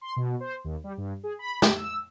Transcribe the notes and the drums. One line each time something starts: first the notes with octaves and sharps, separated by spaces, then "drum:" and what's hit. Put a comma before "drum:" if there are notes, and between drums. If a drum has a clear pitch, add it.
C6
B2
C5
D#2
G3
G2
G#4
B5
G4, drum: snare
E6